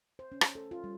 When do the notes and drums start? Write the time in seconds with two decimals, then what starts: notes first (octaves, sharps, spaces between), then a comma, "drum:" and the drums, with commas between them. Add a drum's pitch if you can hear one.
0.19 C5
0.32 C#4
0.41 drum: rim click
0.55 A4
0.71 F4
0.84 G3